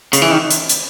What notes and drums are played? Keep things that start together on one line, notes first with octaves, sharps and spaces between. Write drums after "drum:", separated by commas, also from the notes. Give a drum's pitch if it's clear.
C#3, drum: hi-hat
E3
D#3
drum: hi-hat
drum: hi-hat